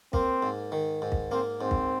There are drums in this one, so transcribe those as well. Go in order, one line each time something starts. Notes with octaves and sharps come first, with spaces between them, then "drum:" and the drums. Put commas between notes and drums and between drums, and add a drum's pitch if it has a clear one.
A#3 C4, drum: kick
G#2
D#3
G#2
drum: kick
A#3 C4
G#2 C4
drum: kick